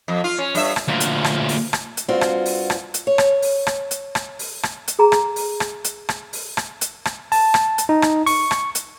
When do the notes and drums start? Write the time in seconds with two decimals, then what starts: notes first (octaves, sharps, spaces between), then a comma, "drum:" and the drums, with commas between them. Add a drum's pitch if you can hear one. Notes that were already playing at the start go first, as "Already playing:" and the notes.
0.08 F2
0.24 F4
0.38 C#4
0.55 G2 E5, drum: open hi-hat
0.76 drum: rim click
0.88 D2 A#2
1.00 drum: hi-hat
1.24 drum: rim click
1.49 drum: open hi-hat
1.73 drum: rim click
1.97 drum: hi-hat
2.08 G2 C4 F4 F#4
2.21 drum: rim click
2.46 drum: open hi-hat
2.70 drum: rim click
2.94 drum: hi-hat
3.07 C#5
3.18 drum: rim click
3.42 drum: open hi-hat
3.67 drum: rim click
3.91 drum: hi-hat
4.15 drum: rim click
4.39 drum: open hi-hat
4.63 drum: rim click
4.88 drum: hi-hat
4.99 G#4 A#5
5.12 drum: rim click
5.36 drum: open hi-hat
5.60 drum: rim click
5.84 drum: hi-hat
6.09 drum: rim click
6.33 drum: open hi-hat
6.57 drum: rim click
6.81 drum: hi-hat
7.05 drum: rim click
7.32 A5, drum: open hi-hat
7.54 drum: rim click
7.78 drum: hi-hat
7.89 D#4
8.02 drum: rim click
8.26 C#6, drum: open hi-hat
8.51 drum: rim click
8.75 drum: hi-hat